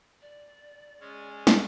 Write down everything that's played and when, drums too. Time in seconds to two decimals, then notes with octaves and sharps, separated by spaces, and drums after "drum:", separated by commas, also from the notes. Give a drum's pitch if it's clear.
0.22 D5
1.01 G#3 C#4
1.47 drum: snare